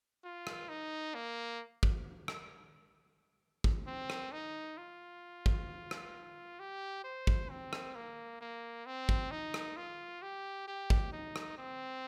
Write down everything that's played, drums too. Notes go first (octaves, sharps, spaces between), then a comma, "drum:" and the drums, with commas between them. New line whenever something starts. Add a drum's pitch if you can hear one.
F4
drum: rim click
D#4
A#3
drum: kick
drum: rim click
drum: kick
C4
drum: rim click
D#4
F4
drum: kick
drum: rim click
G4
C5
drum: kick
C4
drum: rim click
A#3
A#3
C4
drum: kick
D#4
drum: rim click
F4
G4
G4
drum: kick
D#4
drum: rim click
C4